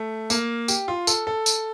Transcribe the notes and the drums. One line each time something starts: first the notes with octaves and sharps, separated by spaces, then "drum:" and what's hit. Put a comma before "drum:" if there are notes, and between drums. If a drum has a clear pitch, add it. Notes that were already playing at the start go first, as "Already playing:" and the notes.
Already playing: A3
A#3, drum: tambourine
G4, drum: tambourine
F4
A4, drum: tambourine
A4
drum: tambourine